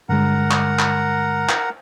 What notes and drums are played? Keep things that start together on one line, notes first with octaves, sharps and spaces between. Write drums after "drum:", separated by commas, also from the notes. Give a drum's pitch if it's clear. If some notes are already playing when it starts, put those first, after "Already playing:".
G2 D3 G#3 A#4 F#5 A#5
drum: clap
drum: clap
drum: clap